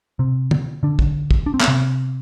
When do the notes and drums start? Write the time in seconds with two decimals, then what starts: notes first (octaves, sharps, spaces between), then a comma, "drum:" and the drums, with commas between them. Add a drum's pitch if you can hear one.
0.19 C3 C4
0.51 drum: tom
0.83 D3 D4
0.99 drum: kick
1.31 drum: kick
1.46 D4
1.54 C4
1.60 B3, drum: clap
1.68 C3 C4